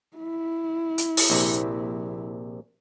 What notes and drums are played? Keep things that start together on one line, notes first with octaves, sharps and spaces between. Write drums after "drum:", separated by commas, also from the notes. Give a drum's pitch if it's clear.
E4
drum: hi-hat
drum: open hi-hat
A#1 C3